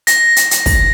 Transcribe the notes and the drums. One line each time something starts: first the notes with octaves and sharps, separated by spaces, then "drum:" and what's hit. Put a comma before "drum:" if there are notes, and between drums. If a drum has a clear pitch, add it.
A#6, drum: hi-hat
drum: hi-hat
drum: hi-hat
drum: kick, open hi-hat